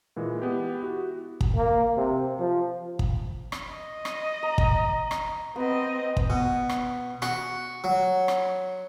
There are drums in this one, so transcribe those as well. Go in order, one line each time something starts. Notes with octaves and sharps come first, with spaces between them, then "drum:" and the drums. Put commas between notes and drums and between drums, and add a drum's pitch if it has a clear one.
A#2 E3 G#3
B3 G4
E4 F#4 G4
drum: kick
A#3
C3
F3
drum: kick
drum: rim click
D#5
drum: rim click
A#5
drum: kick
drum: rim click
B3 C4 B4 D#5
drum: kick
B2
drum: rim click
F#4, drum: rim click
F#3
drum: rim click